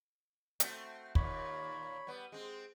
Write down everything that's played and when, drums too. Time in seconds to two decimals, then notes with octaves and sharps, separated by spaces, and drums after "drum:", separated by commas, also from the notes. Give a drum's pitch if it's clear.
0.60 A3 C4 F#4, drum: hi-hat
1.15 D#2 A#2 C#5 B5, drum: kick
2.07 G3 B3
2.32 G#3 C4